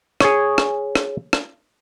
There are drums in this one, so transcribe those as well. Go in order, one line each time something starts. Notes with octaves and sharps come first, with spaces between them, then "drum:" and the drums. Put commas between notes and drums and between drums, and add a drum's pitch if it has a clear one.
G#4 C#5, drum: rim click
drum: rim click
drum: rim click
drum: rim click